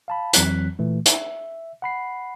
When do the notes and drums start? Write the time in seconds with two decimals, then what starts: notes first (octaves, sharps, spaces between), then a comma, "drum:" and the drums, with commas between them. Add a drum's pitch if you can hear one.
0.08 F5 A5 B5
0.33 F2 E3 F#3 C4 F#6 B6, drum: hi-hat
0.79 A#2 E3 A3
1.06 E5, drum: hi-hat
1.82 F#5 B5 C7